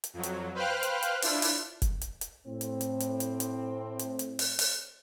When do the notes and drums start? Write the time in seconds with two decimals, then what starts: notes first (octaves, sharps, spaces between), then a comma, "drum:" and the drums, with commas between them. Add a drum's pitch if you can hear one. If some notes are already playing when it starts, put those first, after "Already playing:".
0.04 drum: hi-hat
0.14 F2 F#3
0.23 drum: hi-hat
0.55 B4 C5 F5 G5 F6 F#6
0.83 drum: hi-hat
1.03 drum: hi-hat
1.22 D4 E4 F4, drum: open hi-hat
1.42 drum: open hi-hat
1.82 drum: kick F#1, hi-hat
2.01 drum: hi-hat
2.21 drum: hi-hat
2.46 A2 C4
2.61 drum: hi-hat
2.81 drum: hi-hat
3.00 drum: hi-hat
3.20 drum: hi-hat
3.40 drum: hi-hat
3.99 drum: hi-hat
4.19 drum: hi-hat
4.39 drum: open hi-hat
4.59 drum: open hi-hat